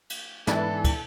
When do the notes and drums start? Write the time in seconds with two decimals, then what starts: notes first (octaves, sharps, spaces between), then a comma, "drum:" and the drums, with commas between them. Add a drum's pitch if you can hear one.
0.10 drum: cymbal
0.47 G#2 E3 G#3 B3 D4 E4 A4, drum: snare
0.84 drum: kick, cymbal